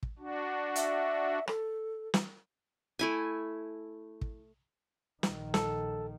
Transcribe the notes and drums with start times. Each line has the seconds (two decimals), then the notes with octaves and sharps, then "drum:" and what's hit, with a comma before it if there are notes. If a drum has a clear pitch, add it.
0.03 drum: kick
0.19 D4 F#4
0.76 E5, drum: hi-hat
1.47 A4, drum: rim click
2.14 drum: snare
2.99 A3 E4 G#5
4.21 drum: kick
5.23 A#1 D#3, drum: snare
5.54 A4, drum: snare